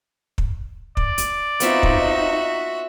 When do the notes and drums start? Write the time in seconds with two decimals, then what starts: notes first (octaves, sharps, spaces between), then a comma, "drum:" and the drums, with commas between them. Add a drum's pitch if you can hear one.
0.38 drum: kick
0.97 D5, drum: kick
1.18 drum: hi-hat
1.60 B3 C4 D#4 F4 F#4 E5, drum: hi-hat
1.83 drum: kick